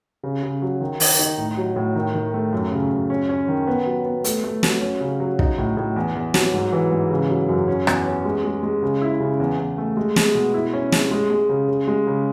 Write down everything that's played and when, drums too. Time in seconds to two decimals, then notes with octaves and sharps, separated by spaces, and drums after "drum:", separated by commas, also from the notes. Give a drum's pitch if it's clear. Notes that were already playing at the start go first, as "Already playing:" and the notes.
0.23 C#3
0.43 C#3
0.62 F#3
0.81 D#3
1.00 D#3, drum: open hi-hat
1.19 D#4
1.38 A2
1.57 F#3
1.76 A2
1.95 D#3
2.14 D#3
2.34 A3
2.53 F#2
2.72 C#3
2.91 F#2
3.10 C#4
3.29 C#4
3.48 D#3
3.67 B3
3.86 F#3
4.05 B3
4.24 A3, drum: hi-hat
4.44 A3
4.63 F#3, drum: snare
4.81 C#4
5.01 C#3
5.20 F#3
5.39 D#4, drum: kick
5.58 A2
5.77 A2
5.96 E2
6.15 E2
6.34 F#3, drum: snare
6.54 G#2
6.73 E3
6.91 G#2
7.11 C#3
7.29 F#3
7.49 F#2
7.68 C#4
7.87 E2, drum: rim click
8.06 C#4
8.25 G#3
8.44 G#3
8.63 G#3
8.83 C#3
9.01 E4
9.20 C#3
9.40 E2
9.59 E2
9.78 A3
9.97 G#3
10.16 G#3, drum: snare
10.35 B2
10.54 E4
10.73 C#4
10.92 G#3, drum: snare
11.11 G#3
11.30 G#3
11.49 C#3
11.68 C#3
11.87 G#3
12.07 C#3